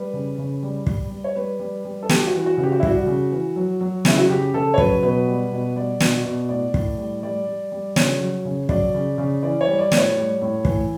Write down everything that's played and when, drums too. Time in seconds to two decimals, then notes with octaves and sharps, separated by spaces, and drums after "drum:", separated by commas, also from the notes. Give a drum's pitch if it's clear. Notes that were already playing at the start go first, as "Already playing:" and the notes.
Already playing: G3 B4
0.13 C#3
0.38 C#3
0.63 G3
0.87 G3, drum: kick
1.11 G3
1.24 C#5
1.36 G3 B4
1.59 G3
1.85 G3
2.03 A4
2.09 G3 G4, drum: snare
2.27 F#4
2.33 E3
2.46 F#4
2.57 C#3
2.64 G4
2.72 F#4
2.80 E4
2.83 G3 F#4, drum: kick
3.06 C#3
3.32 E3
3.56 F#3
3.80 F#3
4.05 C#3 E4, drum: snare
4.18 F#4
4.29 C#3 G4
4.54 C#3 A4
4.74 C#5
4.78 F#3 B4, drum: kick
5.02 B2 B4
5.27 G3
5.52 B2
5.76 G3 D5
6.00 B2, drum: snare
6.25 B2
6.49 A2 D5
6.74 A2, drum: kick
6.98 G3
7.23 G3 D5
7.47 G3
7.72 G3
7.96 C#3 C#5, drum: snare
8.20 F#3
8.45 C#3
8.69 F#3 D5, drum: kick
8.94 C#3
9.18 C#3
9.43 E3 D5
9.61 C#5
9.67 G3
9.79 D5
9.92 A2, drum: snare
9.98 C#5
10.16 G3
10.41 A2
10.65 E3, drum: kick